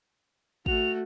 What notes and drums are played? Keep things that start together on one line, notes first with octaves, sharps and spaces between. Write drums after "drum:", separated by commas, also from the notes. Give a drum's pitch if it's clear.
A3 F#4 F7, drum: kick G#1